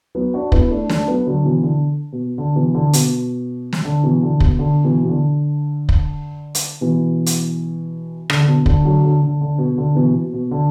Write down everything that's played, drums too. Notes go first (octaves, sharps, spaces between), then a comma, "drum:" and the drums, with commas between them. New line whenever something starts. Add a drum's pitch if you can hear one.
F#3 B3
D4 F#4
B3 E4, drum: kick
A3 D4
A3 D4, drum: snare
F#3 B3
D3 F#3
B2 E3
D3
B2
D3
B2 E3
D3
B2, drum: hi-hat
drum: snare
D3
B2 E3
D3
B2, drum: kick
D3
B2 E3
B2
D3
drum: kick
drum: hi-hat
B2 E3
drum: hi-hat
D3, drum: rim click
D3
B2
D3, drum: kick
D3 F#3
D3
D3
D3
B2
D3
B2 E3
B2
B2
D3